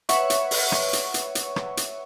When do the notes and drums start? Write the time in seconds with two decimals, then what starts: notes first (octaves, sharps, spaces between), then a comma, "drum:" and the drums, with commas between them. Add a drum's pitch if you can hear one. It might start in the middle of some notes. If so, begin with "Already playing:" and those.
0.09 B4 C#5 E5 F#5 C#6, drum: hi-hat
0.30 drum: hi-hat
0.51 drum: open hi-hat
0.72 drum: rim click
0.93 drum: hi-hat
1.14 drum: hi-hat
1.35 drum: hi-hat
1.56 drum: rim click
1.77 drum: hi-hat